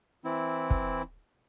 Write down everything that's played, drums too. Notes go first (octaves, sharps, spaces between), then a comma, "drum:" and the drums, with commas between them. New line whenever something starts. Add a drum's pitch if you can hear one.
E3 C4 E4
drum: kick